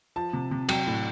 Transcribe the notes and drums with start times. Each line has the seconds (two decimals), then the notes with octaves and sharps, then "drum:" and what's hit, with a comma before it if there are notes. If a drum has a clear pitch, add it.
0.16 F3 A5
0.33 C3
0.51 C3
0.69 F#3 G5, drum: cymbal
0.86 A2